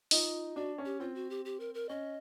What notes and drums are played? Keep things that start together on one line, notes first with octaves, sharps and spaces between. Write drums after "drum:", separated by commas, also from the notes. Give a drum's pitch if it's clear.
D#4 F4, drum: open hi-hat
D4 F#4
C#4
G4
C4 F4
F#4
G4
G4
A#4
A#4
C#4 D#5